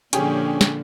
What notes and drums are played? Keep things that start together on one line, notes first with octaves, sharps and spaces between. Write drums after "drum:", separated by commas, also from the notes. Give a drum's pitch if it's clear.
A#2 D3 F3 C#4 G4 G#4, drum: hi-hat
drum: snare